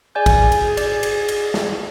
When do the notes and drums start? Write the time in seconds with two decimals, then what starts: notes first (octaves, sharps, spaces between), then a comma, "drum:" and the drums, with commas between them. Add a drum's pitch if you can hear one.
0.15 G#4 D5 G#5 G6
0.26 drum: kick, cymbal
0.52 drum: cymbal
0.77 D5, drum: cymbal
1.03 drum: cymbal
1.28 drum: cymbal
1.54 drum: snare